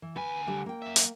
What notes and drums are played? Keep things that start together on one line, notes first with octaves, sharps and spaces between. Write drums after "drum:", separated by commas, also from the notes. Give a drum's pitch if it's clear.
E3
D2 B4 G#5
D3 G3 D4
A#3 G5
F#2 E5
drum: hi-hat